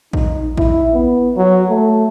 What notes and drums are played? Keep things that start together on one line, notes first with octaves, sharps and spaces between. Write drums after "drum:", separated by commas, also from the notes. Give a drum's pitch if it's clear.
D#4, drum: kick A#1
E4, drum: kick A#1
B3
F#3
A3